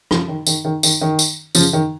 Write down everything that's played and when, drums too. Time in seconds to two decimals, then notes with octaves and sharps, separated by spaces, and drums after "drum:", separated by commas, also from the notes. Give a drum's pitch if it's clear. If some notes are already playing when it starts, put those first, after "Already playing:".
0.11 C#3 F3, drum: rim click
0.28 D#3
0.47 D#3, drum: tambourine
0.65 D#3
0.83 D#3, drum: tambourine
1.01 D#3
1.19 drum: tambourine
1.55 C#3 F3, drum: tambourine
1.73 D#3